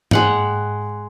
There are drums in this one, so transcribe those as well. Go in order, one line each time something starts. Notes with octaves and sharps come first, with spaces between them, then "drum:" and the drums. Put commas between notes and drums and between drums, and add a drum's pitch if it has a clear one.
G#3 F#5 G5, drum: tom G#2